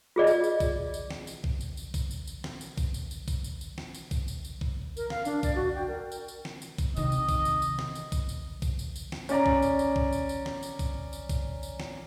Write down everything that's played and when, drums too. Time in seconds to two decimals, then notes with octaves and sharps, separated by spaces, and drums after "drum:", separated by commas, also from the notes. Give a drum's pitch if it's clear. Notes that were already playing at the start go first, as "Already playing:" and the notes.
0.16 F4 G#4 D5 D#5
0.27 drum: tambourine
0.44 drum: tambourine
0.60 drum: kick B1, tambourine
0.94 drum: tambourine
1.10 drum: snare
1.27 drum: tambourine
1.44 drum: kick B1
1.61 drum: tambourine
1.77 drum: tambourine
1.94 drum: kick B1, tambourine
2.11 drum: tambourine
2.27 drum: tambourine
2.44 drum: snare
2.61 drum: tambourine
2.78 drum: kick B1, tambourine
2.94 drum: tambourine
3.11 drum: tambourine
3.28 drum: kick B1, tambourine
3.44 drum: tambourine
3.61 drum: tambourine
3.78 drum: snare
3.94 drum: tambourine
4.11 drum: kick B1, tambourine
4.28 drum: tambourine
4.45 drum: tambourine
4.61 drum: kick B1
4.97 A#4, drum: tambourine
5.10 F5, drum: snare
5.25 D4, drum: tambourine
5.43 D5, drum: kick B1, tambourine
5.56 F#4
5.75 G5
5.88 A#4
6.12 drum: tambourine
6.28 drum: tambourine
6.45 drum: snare
6.62 drum: tambourine
6.78 drum: kick B1, tambourine
6.97 C3 D#3 D#5, drum: tambourine
7.12 drum: tambourine
7.29 drum: kick B1, tambourine
7.45 drum: tambourine
7.62 drum: tambourine
7.79 drum: snare
7.95 drum: tambourine
8.12 drum: kick B1, tambourine
8.29 drum: tambourine
8.62 drum: kick B1, tambourine
8.79 drum: tambourine
8.96 drum: tambourine
9.12 drum: snare
9.29 C#4 D5 A#5, drum: tambourine
9.46 drum: kick B1
9.62 drum: tambourine
9.79 drum: tambourine
9.96 drum: kick B1
10.13 drum: tambourine
10.29 drum: tambourine
10.46 drum: snare
10.63 drum: tambourine
10.79 drum: kick B1, tambourine
11.13 drum: tambourine
11.29 drum: kick B1, tambourine
11.63 drum: tambourine
11.80 drum: snare